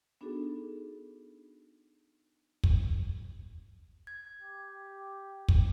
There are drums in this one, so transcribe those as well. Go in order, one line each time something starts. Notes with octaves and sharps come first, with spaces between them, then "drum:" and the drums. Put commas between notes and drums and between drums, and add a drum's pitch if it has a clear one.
B3 D4 D#4 F#4 G#4 A4
drum: kick
G#6
G4
drum: kick